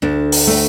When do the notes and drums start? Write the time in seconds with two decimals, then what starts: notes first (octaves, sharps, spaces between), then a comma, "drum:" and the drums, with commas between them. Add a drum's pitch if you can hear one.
0.02 D2 D4
0.32 drum: open hi-hat
0.47 A3